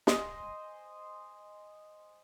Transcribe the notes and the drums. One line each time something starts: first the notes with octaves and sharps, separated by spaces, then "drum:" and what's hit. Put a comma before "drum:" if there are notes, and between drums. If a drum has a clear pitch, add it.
C5 D#5 G#5, drum: snare